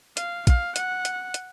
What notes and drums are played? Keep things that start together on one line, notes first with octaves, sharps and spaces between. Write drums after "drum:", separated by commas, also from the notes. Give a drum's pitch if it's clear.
F5, drum: hi-hat
F5, drum: kick A#1, hi-hat
F#5, drum: hi-hat
drum: hi-hat
drum: hi-hat